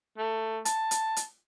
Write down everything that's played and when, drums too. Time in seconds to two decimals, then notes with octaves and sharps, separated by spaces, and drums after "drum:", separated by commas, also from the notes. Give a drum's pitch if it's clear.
0.18 A3
0.65 A5, drum: hi-hat
0.91 drum: hi-hat
1.16 drum: hi-hat